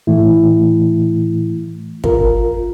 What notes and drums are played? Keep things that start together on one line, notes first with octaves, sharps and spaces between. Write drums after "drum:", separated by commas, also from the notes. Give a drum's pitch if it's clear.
A2 E3 A3 E4
F4 A#4, drum: kick